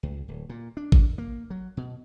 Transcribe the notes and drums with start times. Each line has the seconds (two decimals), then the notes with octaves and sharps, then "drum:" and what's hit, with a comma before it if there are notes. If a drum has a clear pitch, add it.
0.03 C#2
0.28 D1
0.49 A#2
0.77 D4
0.92 drum: kick
1.18 A#3
1.50 F#3
1.77 B2